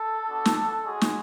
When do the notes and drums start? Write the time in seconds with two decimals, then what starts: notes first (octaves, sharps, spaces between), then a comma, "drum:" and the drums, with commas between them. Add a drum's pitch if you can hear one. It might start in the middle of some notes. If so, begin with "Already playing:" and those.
Already playing: A4
0.27 B3 D4 F#4
0.45 drum: snare
0.83 G#3 C#4 F#4 G#4
1.01 drum: snare